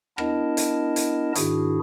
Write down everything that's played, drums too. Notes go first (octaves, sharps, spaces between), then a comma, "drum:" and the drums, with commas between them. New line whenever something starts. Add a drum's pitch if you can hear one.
B3 D4 E4 A#4 D#5 A5, drum: rim click
drum: hi-hat
drum: hi-hat
G#2 D#3 D4 E4 F#4 G#4, drum: hi-hat